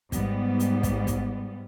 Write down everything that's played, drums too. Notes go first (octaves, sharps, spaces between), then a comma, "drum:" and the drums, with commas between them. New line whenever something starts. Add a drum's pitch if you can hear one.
G#2 G3 B3, drum: kick, hi-hat
drum: hi-hat
drum: kick, hi-hat
drum: kick, hi-hat